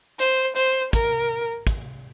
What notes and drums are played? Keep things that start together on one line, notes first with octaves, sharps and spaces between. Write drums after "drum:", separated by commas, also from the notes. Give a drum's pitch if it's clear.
C5, drum: hi-hat
C5, drum: hi-hat
A#4, drum: kick, hi-hat
drum: kick, hi-hat